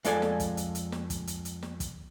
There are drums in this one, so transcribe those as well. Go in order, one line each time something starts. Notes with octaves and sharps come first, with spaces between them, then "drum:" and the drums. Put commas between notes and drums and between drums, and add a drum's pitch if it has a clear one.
F2 G#3 A4 D5 G#5, drum: hi-hat
drum: snare
drum: kick, hi-hat
drum: hi-hat
drum: hi-hat
drum: snare
drum: kick, hi-hat
drum: hi-hat
drum: hi-hat
drum: snare
drum: kick, hi-hat